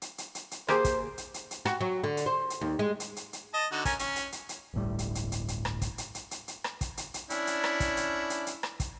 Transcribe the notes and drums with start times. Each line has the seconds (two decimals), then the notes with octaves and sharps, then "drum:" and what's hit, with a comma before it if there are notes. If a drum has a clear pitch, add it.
0.02 drum: hi-hat
0.18 drum: hi-hat
0.35 drum: hi-hat
0.51 drum: hi-hat
0.68 A#3 G4 G#4 C5, drum: rim click
0.84 drum: kick, hi-hat
1.18 drum: hi-hat
1.34 drum: hi-hat
1.51 drum: hi-hat
1.65 F#4, drum: rim click
1.81 F#3
2.04 D3
2.17 drum: hi-hat
2.26 C5
2.50 drum: hi-hat
2.61 D#2
2.79 G#3
3.00 drum: hi-hat
3.16 drum: hi-hat
3.33 drum: hi-hat
3.54 D#5 A5
3.72 D3 D#4 F#4
3.85 C#4 A#4 G#5, drum: kick, hi-hat
3.99 C#4, drum: hi-hat
4.16 drum: hi-hat
4.32 drum: hi-hat
4.49 drum: hi-hat
4.74 D1 G1 A2 G3
4.99 drum: hi-hat
5.15 drum: hi-hat
5.32 drum: hi-hat
5.48 drum: hi-hat
5.65 drum: rim click
5.81 drum: kick, hi-hat
5.98 drum: hi-hat
6.15 drum: hi-hat
6.31 drum: hi-hat
6.48 drum: hi-hat
6.64 drum: rim click
6.81 drum: kick, hi-hat
6.97 drum: hi-hat
7.14 drum: hi-hat
7.30 C#4 D4 E4, drum: hi-hat
7.47 drum: hi-hat
7.64 drum: rim click
7.80 drum: kick, hi-hat
7.97 drum: hi-hat
8.30 drum: hi-hat
8.47 drum: hi-hat
8.63 drum: rim click
8.80 drum: kick, hi-hat